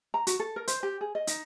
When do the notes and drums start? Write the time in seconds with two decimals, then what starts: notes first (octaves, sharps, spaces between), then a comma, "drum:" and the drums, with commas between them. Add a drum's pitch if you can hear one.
0.14 A#5
0.27 F#4, drum: hi-hat
0.39 A4
0.56 A#4
0.68 C5, drum: hi-hat
0.83 G4
1.01 G#4
1.15 D#5
1.27 D#4, drum: hi-hat